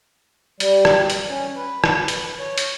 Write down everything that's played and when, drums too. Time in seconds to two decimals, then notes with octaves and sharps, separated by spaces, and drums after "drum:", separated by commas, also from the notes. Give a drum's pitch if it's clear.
0.60 G3, drum: hi-hat
0.85 drum: rim click
1.10 drum: hi-hat
1.29 C#4
1.55 B4
1.84 drum: rim click
2.08 drum: hi-hat
2.39 C#5
2.58 drum: hi-hat